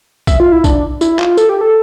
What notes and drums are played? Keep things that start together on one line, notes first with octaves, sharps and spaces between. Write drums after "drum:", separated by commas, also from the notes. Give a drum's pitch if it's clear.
E5, drum: kick B1, tambourine
F4
E4
D4, drum: kick B1, tambourine
E4, drum: tambourine
F4, drum: clap
A4, drum: tambourine
G4
A4